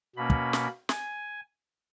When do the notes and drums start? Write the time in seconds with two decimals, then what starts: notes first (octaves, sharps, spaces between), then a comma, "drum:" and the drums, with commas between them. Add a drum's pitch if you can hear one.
0.16 B2 A#3 C#4 B5
0.30 drum: kick
0.53 drum: snare
0.89 G#5, drum: snare